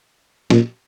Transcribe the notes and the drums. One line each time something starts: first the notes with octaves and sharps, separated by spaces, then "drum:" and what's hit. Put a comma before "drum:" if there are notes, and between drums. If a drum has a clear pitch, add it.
A#2, drum: snare